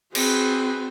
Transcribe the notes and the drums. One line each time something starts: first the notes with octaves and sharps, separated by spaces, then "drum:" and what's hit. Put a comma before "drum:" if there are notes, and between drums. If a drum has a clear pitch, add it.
C4 F#4 G#4 B4, drum: cymbal